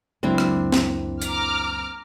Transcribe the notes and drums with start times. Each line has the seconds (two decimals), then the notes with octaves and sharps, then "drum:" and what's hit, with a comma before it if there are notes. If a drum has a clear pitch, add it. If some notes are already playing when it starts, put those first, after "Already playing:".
0.23 C#2 F#2 A#3 C4 D4 E4
0.38 drum: rim click
0.72 drum: snare
1.22 A#5 D6 F6, drum: hi-hat